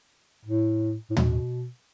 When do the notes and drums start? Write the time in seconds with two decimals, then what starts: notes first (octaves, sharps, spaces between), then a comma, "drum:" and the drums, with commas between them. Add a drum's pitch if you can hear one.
0.45 A2
1.10 A2
1.17 B2, drum: tom